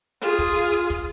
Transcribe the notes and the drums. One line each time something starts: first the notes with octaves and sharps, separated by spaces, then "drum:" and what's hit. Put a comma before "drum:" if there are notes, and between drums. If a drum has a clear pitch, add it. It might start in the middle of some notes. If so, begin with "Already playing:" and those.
F4 G#4, drum: hi-hat
drum: kick, hi-hat
drum: hi-hat
drum: hi-hat
drum: kick, hi-hat